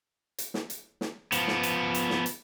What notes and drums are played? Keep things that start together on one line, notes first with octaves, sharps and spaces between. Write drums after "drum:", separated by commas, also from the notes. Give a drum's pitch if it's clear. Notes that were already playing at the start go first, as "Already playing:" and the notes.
drum: hi-hat
drum: snare
drum: hi-hat
drum: snare
F3 B3, drum: hi-hat
drum: snare
drum: hi-hat
drum: hi-hat
drum: snare
drum: hi-hat